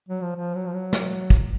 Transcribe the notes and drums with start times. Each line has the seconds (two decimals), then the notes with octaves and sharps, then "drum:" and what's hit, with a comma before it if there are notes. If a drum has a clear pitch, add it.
0.08 F#3
0.22 F3
0.36 F3
0.55 F#3
0.67 F3
0.74 F#3
0.93 drum: snare
1.30 drum: kick